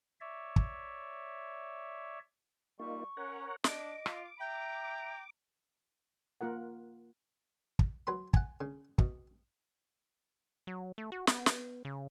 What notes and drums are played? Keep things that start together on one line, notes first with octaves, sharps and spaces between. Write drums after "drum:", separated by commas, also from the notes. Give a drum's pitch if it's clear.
C#5 D5 E5
drum: kick
G3 A#3 D#4 F4 C#6
C#4 A#4 C#5 F#5
D4 D#5 D6, drum: snare
F4, drum: rim click
E5 G5 A#5
A#3 F4 A#4 F#5
drum: kick
F#3 B4 B5 C6
F#5 G#5, drum: kick
C#3
B2, drum: kick
F#3
A3
F#4
B3, drum: snare
drum: snare
C#3